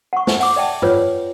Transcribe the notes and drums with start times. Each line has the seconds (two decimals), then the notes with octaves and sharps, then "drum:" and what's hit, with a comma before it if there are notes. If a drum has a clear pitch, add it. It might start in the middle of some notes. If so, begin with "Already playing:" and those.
0.13 F#5 C#6
0.27 drum: snare
0.40 F#5 D6, drum: open hi-hat
0.56 D5 E5 G5 A5
0.82 F4 B4 C#5, drum: tom G2